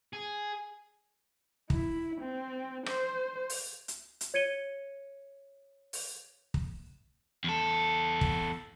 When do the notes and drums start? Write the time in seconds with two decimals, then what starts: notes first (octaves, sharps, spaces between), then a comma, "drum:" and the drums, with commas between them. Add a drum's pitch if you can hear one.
0.13 G#4
1.70 E4, drum: kick
2.20 C4
2.86 C5, drum: rim click
3.50 drum: open hi-hat
3.88 drum: hi-hat
4.21 drum: hi-hat
4.34 C#5 G#6 C#7 D#7 G7
5.93 drum: open hi-hat
6.54 drum: kick
7.44 E2 A4
8.21 drum: kick